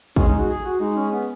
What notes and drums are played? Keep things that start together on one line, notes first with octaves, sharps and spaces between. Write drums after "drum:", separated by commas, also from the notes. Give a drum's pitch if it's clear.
G#3 C#4, drum: kick
D#4
F#4
G#4
F#4
G#3 D#4
C#4
B3